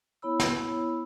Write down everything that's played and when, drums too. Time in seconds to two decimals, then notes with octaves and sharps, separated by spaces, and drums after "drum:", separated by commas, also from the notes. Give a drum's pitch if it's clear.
0.22 B3 E4 C#5 B5 E6
0.40 drum: snare